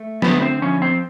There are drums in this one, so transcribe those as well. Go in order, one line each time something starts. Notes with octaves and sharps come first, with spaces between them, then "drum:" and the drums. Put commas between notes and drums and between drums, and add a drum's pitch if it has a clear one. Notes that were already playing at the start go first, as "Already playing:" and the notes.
Already playing: A3
D3 B3 B4, drum: snare
C4 C5
F3 C#4 C#5
C4 C5